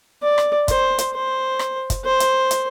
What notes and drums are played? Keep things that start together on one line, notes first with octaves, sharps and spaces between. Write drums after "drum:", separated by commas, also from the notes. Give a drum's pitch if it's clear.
D5
drum: rim click
C5, drum: kick, hi-hat
drum: hi-hat
C5
drum: rim click
drum: kick, hi-hat
C5
drum: hi-hat
drum: hi-hat